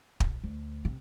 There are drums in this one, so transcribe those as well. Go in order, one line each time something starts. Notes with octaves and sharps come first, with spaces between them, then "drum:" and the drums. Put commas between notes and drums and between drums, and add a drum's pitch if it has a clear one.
B1, drum: kick
D2
C3